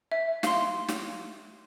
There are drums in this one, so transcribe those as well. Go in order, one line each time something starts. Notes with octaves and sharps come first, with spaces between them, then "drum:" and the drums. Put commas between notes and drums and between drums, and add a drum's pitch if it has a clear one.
E5
F5 C6, drum: snare
drum: snare